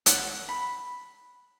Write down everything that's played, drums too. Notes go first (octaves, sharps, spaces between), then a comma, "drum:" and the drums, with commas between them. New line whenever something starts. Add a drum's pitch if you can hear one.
F#5, drum: hi-hat
B5